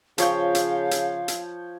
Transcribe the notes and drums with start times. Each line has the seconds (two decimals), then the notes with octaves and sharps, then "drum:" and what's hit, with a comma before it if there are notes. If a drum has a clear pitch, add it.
0.18 C#3 F3 C#5 F5 G5, drum: hi-hat
0.55 drum: hi-hat
0.91 drum: hi-hat
1.28 drum: hi-hat